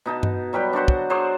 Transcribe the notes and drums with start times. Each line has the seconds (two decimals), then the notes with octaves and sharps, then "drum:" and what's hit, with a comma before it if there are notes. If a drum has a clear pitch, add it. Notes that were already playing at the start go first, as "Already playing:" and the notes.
0.06 B2 D#4 A5
0.23 drum: tom G2
0.53 F#3 G3 G4 B4
0.73 D4 F#4 C5 F#5
0.88 drum: kick
1.10 F#3 G#4 C5 D5